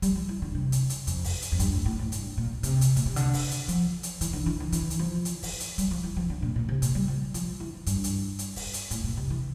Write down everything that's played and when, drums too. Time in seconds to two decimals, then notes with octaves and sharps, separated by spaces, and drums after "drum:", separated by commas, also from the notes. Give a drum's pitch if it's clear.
0.02 G3, drum: hi-hat
0.15 F3
0.29 E3
0.42 D3
0.55 C3
0.72 drum: hi-hat
0.90 drum: hi-hat
1.07 F2, drum: hi-hat
1.24 drum: kick, open hi-hat
1.42 drum: hi-hat
1.52 F2
1.59 G2, drum: hi-hat
1.73 A2
1.85 A2
1.99 A2
2.12 G2, drum: hi-hat
2.38 A#2
2.63 C3, drum: hi-hat
2.81 drum: hi-hat
2.96 A#2, drum: hi-hat
3.06 C3
3.16 D3, drum: hi-hat
3.33 drum: kick, open hi-hat
3.51 drum: hi-hat
3.68 F3, drum: hi-hat
4.03 drum: hi-hat
4.21 E3, drum: hi-hat
4.33 D3
4.46 E3
4.60 D3
4.72 E3, drum: hi-hat
4.90 drum: hi-hat
4.99 F3
5.25 drum: hi-hat
5.43 drum: kick, open hi-hat
5.60 drum: hi-hat
5.78 G3, drum: hi-hat
5.91 F3
6.03 E3
6.17 F3
6.30 D3
6.42 A#2
6.56 A#2
6.69 C3
6.82 A#2, drum: hi-hat
6.95 G3
7.08 F3
7.34 F3, drum: hi-hat
7.60 E3
7.86 G2, drum: hi-hat
8.04 drum: hi-hat
8.39 drum: hi-hat
8.56 drum: kick, open hi-hat
8.73 drum: hi-hat
8.91 A2, drum: hi-hat
9.04 A#2
9.17 C3
9.30 E3